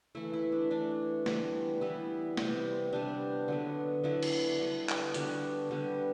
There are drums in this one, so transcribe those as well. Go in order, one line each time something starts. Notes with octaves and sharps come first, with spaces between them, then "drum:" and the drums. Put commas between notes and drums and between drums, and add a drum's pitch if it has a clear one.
E3 A3 E4
E4
D4
E3 A3 D4
E3 G3 B3, drum: snare
E3 G3 B3 E4
C3 G3 B3, drum: snare
C3 G3 B3 D4
D3 F#3 B3
D3 F#3 B3 E4
drum: cymbal
D3 G3 B3
drum: clap
D3 G3 B3 D4 F#4, drum: hi-hat
D3 G3 B3